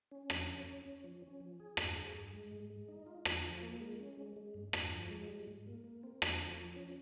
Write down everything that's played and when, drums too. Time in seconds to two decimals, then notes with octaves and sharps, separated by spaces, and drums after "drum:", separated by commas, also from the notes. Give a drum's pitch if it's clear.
0.12 C#4
0.30 F2, drum: rim click
0.47 C#4
0.67 C#4
0.86 C#4
1.04 F3
1.22 C#4
1.40 F3
1.60 G#4
1.77 G2, drum: rim click
1.95 G#4
2.14 G2
2.33 G#3
2.51 G#2
2.70 G#3
2.88 D#4
3.06 F4
3.25 F3, drum: rim click
3.43 F3
3.63 A#3
3.80 G#3
3.99 C#4
4.17 G#3
4.36 G#3
4.54 G2
4.73 G2, drum: rim click
4.92 F3
5.10 G#3
5.29 G3
5.47 G#2
5.66 A#3
5.84 A#3
6.03 C4
6.22 F3, drum: rim click
6.40 F3
6.58 F3
6.76 C#4